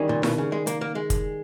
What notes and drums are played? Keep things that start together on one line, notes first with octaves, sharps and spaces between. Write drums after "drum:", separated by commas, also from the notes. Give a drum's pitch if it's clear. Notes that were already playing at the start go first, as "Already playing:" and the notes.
Already playing: D#3 G3 C#4 G#4
A#2
B2, drum: snare E4
C#3
G#3
A#3, drum: hi-hat
A#3
G#3
drum: kick, hi-hat